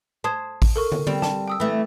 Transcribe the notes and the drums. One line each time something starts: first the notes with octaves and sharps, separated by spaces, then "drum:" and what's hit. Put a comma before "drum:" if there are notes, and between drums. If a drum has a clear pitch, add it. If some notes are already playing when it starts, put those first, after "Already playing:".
C5 A5 D#6 G#6
drum: kick A1, open hi-hat
A4 A#4 C#6
drum: tom
G3 C4, drum: tom D3
A5, drum: snare
G5 D#6 E6
E3 A3